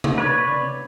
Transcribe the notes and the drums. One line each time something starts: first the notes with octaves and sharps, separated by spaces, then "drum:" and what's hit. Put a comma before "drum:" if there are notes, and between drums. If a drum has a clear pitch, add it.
drum: tom C3
B4 C#5 D5